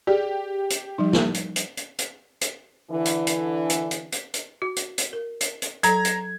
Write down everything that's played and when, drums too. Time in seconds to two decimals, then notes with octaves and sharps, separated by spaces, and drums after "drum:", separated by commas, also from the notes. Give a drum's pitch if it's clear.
0.07 G4 G#4 D5
0.70 drum: hi-hat
0.98 F3 G3 D#4
1.13 drum: snare
1.35 drum: hi-hat
1.56 drum: hi-hat
1.77 drum: hi-hat
1.99 drum: hi-hat
2.41 drum: hi-hat
2.90 D3 E3
3.05 drum: hi-hat
3.27 drum: hi-hat
3.70 drum: hi-hat
3.91 drum: hi-hat
4.12 drum: hi-hat
4.34 drum: hi-hat
4.62 F#4
4.76 drum: hi-hat
4.98 drum: hi-hat
5.13 A#4
5.41 drum: hi-hat
5.62 drum: hi-hat
5.83 F#3 A4 A#5 G#6, drum: hi-hat
6.05 drum: hi-hat